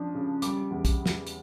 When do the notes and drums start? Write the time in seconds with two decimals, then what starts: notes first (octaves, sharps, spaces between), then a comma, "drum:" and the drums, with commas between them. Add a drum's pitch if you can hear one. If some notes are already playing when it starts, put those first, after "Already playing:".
Already playing: F3 D4
0.15 C#3
0.42 G3 D6, drum: hi-hat
0.70 E2
0.85 drum: kick, hi-hat
1.06 drum: snare
1.27 drum: hi-hat